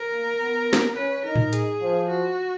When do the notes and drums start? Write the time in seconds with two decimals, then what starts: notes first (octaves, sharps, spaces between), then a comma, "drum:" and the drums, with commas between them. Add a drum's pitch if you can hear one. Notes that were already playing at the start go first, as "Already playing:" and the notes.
Already playing: A#4
0.11 A#3
0.39 B3
0.73 drum: snare
0.96 C#4 B4
1.25 D#4 A#4
1.36 drum: tom A2
1.53 G#4, drum: hi-hat
1.81 F3
2.10 F#4